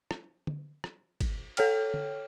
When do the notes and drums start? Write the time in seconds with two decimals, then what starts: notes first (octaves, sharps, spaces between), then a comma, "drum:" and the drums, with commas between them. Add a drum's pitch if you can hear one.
0.11 drum: rim click
0.47 drum: tom D3
0.84 drum: rim click
1.21 drum: kick, cymbal
1.57 A4 C#5 G5 F6, drum: cymbal
1.94 drum: tom D3